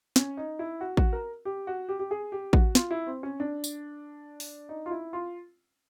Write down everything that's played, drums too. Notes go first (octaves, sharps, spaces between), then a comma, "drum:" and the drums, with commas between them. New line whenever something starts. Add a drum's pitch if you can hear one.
C#4, drum: snare
D#4
E4
F#4
F#4, drum: kick A1
A#4
G4
F#4
G4
G4
G#4
G4
F#4, drum: kick A1
F4, drum: snare
E4
C4
C#4
D4
drum: tambourine
drum: open hi-hat
D#4
F4
E4
F4